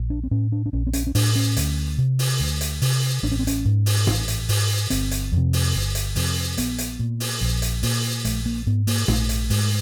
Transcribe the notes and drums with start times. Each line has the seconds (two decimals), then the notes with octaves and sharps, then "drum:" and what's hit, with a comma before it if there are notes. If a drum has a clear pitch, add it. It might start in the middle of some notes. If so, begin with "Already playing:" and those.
Already playing: A#1
0.10 D4
0.23 C4
0.31 A2 C#4
0.52 D4
0.66 D4
0.73 A#1 C#4
0.87 C4
0.93 C#4, drum: hi-hat
1.07 C#4
1.15 A2 D4, drum: open hi-hat
1.36 C#4
1.57 D2, drum: hi-hat
1.98 C3
2.19 drum: open hi-hat
2.40 D2
2.61 drum: hi-hat
2.82 C3, drum: open hi-hat
3.23 A1 D4
3.32 C#4
3.39 C4
3.47 C#4, drum: hi-hat
3.65 G#2
3.86 drum: open hi-hat
4.07 A1, drum: tom G#2
4.28 drum: hi-hat
4.49 G#2, drum: open hi-hat
4.90 G1 C4, drum: hi-hat
5.11 drum: hi-hat
5.32 F2 C3
5.53 drum: open hi-hat
5.74 G1
5.95 drum: hi-hat
6.16 F2 C3, drum: open hi-hat
6.58 A#1 B3, drum: hi-hat
6.78 drum: hi-hat
6.99 A#2
7.20 drum: open hi-hat
7.41 A#1
7.62 drum: hi-hat
7.83 A#2, drum: open hi-hat
8.25 A#1 A3, drum: hi-hat
8.46 A#3
8.66 G#2 B3
8.87 A#3, drum: open hi-hat
9.08 A#1 A3, drum: tom G#2
9.29 drum: hi-hat
9.50 G#2, drum: open hi-hat